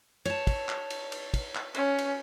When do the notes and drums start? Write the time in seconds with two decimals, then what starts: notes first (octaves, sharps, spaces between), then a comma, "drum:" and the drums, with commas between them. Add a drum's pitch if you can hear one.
0.25 C#5 A5, drum: cymbal
0.47 drum: kick, cymbal
0.69 drum: clap
0.90 drum: cymbal
1.12 drum: cymbal
1.34 drum: kick, cymbal
1.55 drum: clap
1.74 C#4, drum: cymbal
1.99 drum: cymbal